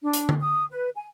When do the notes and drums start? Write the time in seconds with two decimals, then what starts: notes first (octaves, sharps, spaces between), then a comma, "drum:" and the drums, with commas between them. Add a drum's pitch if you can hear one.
0.02 D4
0.13 drum: hi-hat
0.29 drum: tom D3
0.40 D#6
0.72 B4
0.95 G#5